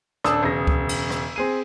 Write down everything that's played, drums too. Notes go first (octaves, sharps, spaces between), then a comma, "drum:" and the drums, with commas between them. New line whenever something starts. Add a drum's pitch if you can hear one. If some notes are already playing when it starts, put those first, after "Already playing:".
D#1 D4 A4 D#6 E6, drum: rim click
E1 C#3 A#6
drum: kick C#2
drum: cymbal
drum: rim click
C4 G#4 D#7